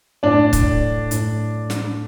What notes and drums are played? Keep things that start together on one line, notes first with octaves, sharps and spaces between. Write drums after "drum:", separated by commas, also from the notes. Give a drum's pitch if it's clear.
A2 D4 D5
drum: kick, hi-hat
A2, drum: hi-hat
drum: snare